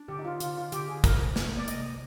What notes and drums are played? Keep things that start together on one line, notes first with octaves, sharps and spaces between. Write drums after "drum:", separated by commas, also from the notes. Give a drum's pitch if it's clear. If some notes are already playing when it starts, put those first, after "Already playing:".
Already playing: D4
D3 G4
D#4
F4
D3 F4, drum: hi-hat
F4
D3 G4, drum: hi-hat
G#4
C3 A#4, drum: kick, hi-hat
A#3, drum: snare
D5
C3 D#5, drum: hi-hat